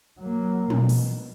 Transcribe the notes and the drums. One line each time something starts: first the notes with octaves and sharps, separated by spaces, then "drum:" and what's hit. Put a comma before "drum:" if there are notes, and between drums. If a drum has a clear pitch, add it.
F#3 A#3
B2, drum: tom
drum: open hi-hat